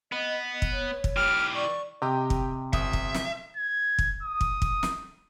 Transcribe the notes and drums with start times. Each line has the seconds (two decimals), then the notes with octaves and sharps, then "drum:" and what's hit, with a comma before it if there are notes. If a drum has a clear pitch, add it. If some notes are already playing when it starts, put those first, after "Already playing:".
0.12 B3 D#5
0.62 drum: kick
0.72 C#5
1.04 drum: kick
1.17 E3 G4 F6
1.55 D5 C#6
2.02 C3 G4 D#5 G5
2.30 drum: kick
2.73 G1 E5 D#6, drum: kick
2.93 drum: kick
3.14 drum: snare
3.56 G#6
3.99 drum: kick
4.23 D#6
4.41 drum: kick
4.62 drum: kick
4.83 drum: snare